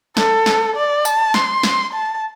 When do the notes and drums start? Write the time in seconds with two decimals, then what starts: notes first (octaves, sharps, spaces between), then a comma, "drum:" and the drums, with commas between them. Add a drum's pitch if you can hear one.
0.17 A4, drum: snare
0.46 drum: snare
0.76 D5
1.05 A5, drum: tambourine
1.34 C6, drum: snare
1.63 drum: snare
1.93 A5